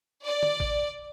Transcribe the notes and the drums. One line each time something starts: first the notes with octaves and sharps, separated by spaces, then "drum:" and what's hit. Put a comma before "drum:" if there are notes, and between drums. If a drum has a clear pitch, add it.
D5
drum: tom
drum: kick